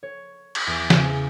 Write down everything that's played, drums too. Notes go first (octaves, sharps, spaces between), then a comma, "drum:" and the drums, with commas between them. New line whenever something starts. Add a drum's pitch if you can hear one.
C#5
drum: cymbal
E2
C#3, drum: snare